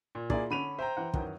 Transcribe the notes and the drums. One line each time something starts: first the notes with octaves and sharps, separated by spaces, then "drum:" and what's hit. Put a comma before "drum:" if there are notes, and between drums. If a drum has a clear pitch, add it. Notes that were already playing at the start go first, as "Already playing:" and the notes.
A#2
A#2 A#3 E4 G#4 D5, drum: kick
D3 C#4 B5 D#7 F7
C5 E5 G5 A#5
E3 F#5
F#2 D#3 E3, drum: kick